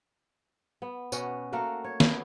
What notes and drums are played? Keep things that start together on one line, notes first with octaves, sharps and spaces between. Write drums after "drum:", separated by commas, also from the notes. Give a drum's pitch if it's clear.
B3
B2 C#4 F#4, drum: tambourine
A3 A#3 F#4 A#4
C#5
B3, drum: snare